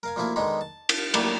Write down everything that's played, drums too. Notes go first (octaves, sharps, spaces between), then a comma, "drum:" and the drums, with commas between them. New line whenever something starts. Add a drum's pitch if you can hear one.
A#4 F5 G#5
D2 F3 A#3 E4 F5 G#5
D3 D#3 G#3 B3 D#4
A5
drum: cymbal
A2 F#3 G3 A#3, drum: cymbal